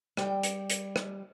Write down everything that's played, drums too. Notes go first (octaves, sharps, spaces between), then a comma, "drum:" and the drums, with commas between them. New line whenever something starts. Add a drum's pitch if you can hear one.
G3 G5, drum: rim click
drum: hi-hat
drum: hi-hat
drum: rim click